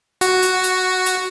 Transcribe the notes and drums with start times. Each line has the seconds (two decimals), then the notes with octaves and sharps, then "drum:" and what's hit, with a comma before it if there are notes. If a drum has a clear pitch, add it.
0.21 F#4, drum: hi-hat
0.42 drum: hi-hat
0.64 drum: hi-hat
1.06 drum: hi-hat